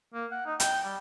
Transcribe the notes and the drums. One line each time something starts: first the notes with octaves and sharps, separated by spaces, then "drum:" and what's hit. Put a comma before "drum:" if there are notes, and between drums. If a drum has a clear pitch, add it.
A#3
F#5
D#4
G5, drum: hi-hat
G3